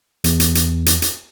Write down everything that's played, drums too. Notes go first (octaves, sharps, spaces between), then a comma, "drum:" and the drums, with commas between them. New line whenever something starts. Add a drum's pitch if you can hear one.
E2, drum: hi-hat
drum: hi-hat
drum: hi-hat
drum: hi-hat
drum: hi-hat